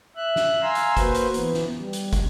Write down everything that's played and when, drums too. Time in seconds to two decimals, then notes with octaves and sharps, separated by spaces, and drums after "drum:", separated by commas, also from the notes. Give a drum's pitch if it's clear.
0.16 E5 F#6
0.36 drum: snare
0.62 F5 G#5 A#5 C6 E6
0.75 drum: hi-hat
0.97 A#3 F#4 B4 C5, drum: kick, hi-hat
1.14 drum: hi-hat
1.34 E3 B3, drum: hi-hat
1.54 drum: snare
1.78 G3
1.93 drum: hi-hat
2.13 drum: kick, hi-hat